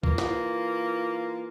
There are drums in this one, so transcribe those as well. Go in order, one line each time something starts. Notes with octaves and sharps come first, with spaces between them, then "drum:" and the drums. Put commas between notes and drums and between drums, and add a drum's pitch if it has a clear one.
E3 A#3 F4, drum: kick
drum: snare